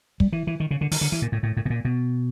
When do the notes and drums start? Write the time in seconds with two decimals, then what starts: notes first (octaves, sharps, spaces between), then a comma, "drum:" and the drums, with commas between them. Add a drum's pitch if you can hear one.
0.20 G3, drum: kick
0.32 E3
0.47 E3
0.60 D#3
0.71 C#3
0.81 D3
0.92 D#3, drum: open hi-hat
1.01 D3
1.12 E3
1.22 A#2
1.32 A2
1.43 A2
1.57 A2
1.65 B2
1.70 A#2
1.85 B2